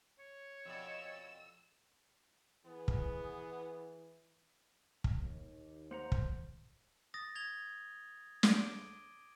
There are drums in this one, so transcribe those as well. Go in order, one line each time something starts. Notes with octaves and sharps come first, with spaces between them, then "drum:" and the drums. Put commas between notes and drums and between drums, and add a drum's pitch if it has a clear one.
C#5
F2 B2 D5 E6
E3 B3 G#4
drum: kick
drum: kick
D#2
A#3 C5 F#5 A#5
drum: kick
D#6 A6 A#6
G#6 A#6 F7 G7
D6 D7 D#7 G7, drum: snare